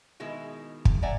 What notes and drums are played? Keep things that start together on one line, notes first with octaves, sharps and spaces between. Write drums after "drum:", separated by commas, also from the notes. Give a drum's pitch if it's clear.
B2 D#3 G#3 E4
drum: kick
D5 E5 F#5 G#5 A#5